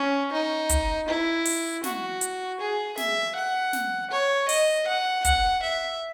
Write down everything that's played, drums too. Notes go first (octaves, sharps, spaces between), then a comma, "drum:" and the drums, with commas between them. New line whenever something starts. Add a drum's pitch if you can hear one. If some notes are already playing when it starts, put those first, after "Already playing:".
Already playing: C#4
D#4
drum: kick, hi-hat
E4
drum: open hi-hat
F#4, drum: snare
drum: hi-hat
G#4
E5, drum: snare
F#5
drum: snare
C#5
D#5, drum: open hi-hat
F#5
F#5, drum: kick, hi-hat
E5